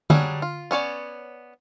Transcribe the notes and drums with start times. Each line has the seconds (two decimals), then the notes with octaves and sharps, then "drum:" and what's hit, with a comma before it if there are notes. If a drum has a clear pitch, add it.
0.10 F#3 G3 D4 G#4, drum: tom D3
0.42 F4
0.71 B3 C#4 C#5 D5